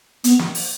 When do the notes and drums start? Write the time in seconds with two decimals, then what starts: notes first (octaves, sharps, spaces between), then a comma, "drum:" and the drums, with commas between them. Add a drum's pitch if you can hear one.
0.24 B3, drum: hi-hat
0.39 drum: snare
0.55 drum: open hi-hat